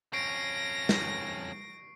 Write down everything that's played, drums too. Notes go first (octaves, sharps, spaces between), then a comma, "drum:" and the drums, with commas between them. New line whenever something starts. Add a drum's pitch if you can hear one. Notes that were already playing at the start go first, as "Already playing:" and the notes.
F2 C#4 C#6 A#6 C7 D7
drum: snare